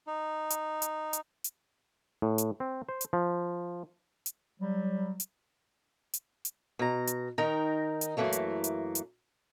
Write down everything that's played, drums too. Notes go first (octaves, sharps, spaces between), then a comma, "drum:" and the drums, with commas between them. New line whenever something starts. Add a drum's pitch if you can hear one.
D#4
drum: hi-hat
drum: hi-hat
drum: hi-hat
drum: hi-hat
A2
drum: hi-hat
C4
C5
drum: hi-hat
F3
drum: hi-hat
F#3 G3
drum: hi-hat
drum: hi-hat
drum: hi-hat
B2 A#5
drum: hi-hat
D#3 D#4 A#4 G5 A#5
drum: hi-hat
F#2 B2 E3 A3 A#3
drum: hi-hat
drum: hi-hat
drum: hi-hat